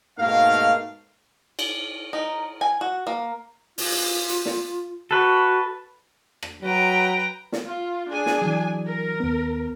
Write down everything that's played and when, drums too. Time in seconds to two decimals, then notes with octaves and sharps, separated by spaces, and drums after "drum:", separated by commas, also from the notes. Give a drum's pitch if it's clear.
0.19 G#2 B2 A3 A#3 D#4 F5
1.59 drum: cymbal
2.13 D#4
2.61 G#5
2.81 F#4
3.07 A#3
3.78 F4, drum: open hi-hat
3.91 drum: open hi-hat
4.29 drum: hi-hat
4.45 drum: snare
5.11 F#4 A4 B4
6.43 drum: rim click
6.63 F#3 B4 G5 A#5
7.52 drum: snare
7.65 F4
8.09 D4 G#4 G#5
8.26 drum: snare
8.42 E3 F#3
8.85 A#4
9.20 D#2 B3